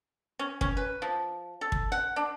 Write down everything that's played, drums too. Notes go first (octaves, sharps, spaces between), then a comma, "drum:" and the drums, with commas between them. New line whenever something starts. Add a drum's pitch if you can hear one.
C#4
C#4, drum: kick
B4
F3
A4
drum: kick
F#5
D4